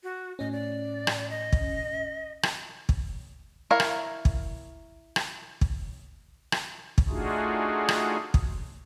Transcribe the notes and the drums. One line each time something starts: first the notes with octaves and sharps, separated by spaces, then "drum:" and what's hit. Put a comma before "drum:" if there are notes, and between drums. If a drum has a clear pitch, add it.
F#4
A2 C#4 D#5
D5
drum: rim click
D#5
drum: kick
drum: rim click
drum: kick
E4 A#4 C#5 F5
drum: rim click
drum: kick
drum: rim click
drum: kick
drum: rim click
drum: kick
A3 D4 D#4 F4 F#4 G#4
drum: rim click
drum: kick